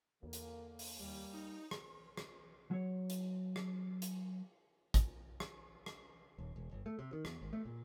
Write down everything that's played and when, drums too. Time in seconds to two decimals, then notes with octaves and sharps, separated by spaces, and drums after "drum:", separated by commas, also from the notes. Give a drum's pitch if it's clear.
0.23 E2 D3 A#3
0.33 drum: hi-hat
0.79 drum: open hi-hat
0.99 D#2 G3
1.33 D#4
1.71 drum: rim click
2.17 drum: rim click
2.71 F#3 C#5
3.10 drum: hi-hat
3.56 drum: rim click
4.02 drum: hi-hat
4.94 drum: kick, hi-hat
5.40 drum: rim click
5.86 drum: rim click
6.38 D#1
6.56 E1
6.71 G1
6.86 A3
6.99 C3
7.13 D#3
7.25 E2, drum: rim click
7.41 G#1
7.53 A3
7.65 A#2